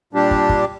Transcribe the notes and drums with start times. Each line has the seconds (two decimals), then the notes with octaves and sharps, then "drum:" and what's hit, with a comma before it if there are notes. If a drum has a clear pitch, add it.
0.13 A#2 G3 D4 G4
0.31 drum: kick
0.49 drum: kick